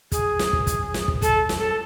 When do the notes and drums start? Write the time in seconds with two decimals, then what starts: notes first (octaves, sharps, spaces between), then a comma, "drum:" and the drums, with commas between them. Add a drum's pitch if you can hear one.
0.12 G#4, drum: kick, hi-hat
0.39 drum: snare
0.53 drum: kick
0.67 drum: kick, hi-hat
0.94 drum: snare
1.08 drum: kick
1.22 A4, drum: kick, hi-hat
1.49 drum: snare
1.59 A4